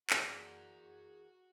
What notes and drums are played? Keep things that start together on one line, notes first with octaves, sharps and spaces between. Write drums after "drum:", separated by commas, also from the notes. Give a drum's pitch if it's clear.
E3 A#3 F#4 G#4 D5 F#5, drum: clap